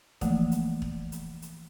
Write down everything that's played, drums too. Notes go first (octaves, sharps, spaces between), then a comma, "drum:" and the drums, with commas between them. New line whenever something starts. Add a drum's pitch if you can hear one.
E3 F3 A3 A#3, drum: kick, hi-hat
drum: hi-hat
drum: kick
drum: hi-hat
drum: hi-hat